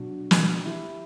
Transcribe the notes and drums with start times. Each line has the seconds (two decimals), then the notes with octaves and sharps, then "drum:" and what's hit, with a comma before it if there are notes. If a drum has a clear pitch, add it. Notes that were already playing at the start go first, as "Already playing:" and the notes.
Already playing: B2 F#3 D4 F#4
0.31 drum: snare
0.66 E4 G4